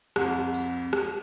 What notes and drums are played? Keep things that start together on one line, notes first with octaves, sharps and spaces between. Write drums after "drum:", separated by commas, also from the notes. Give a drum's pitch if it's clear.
C2 F2, drum: rim click
drum: hi-hat
drum: rim click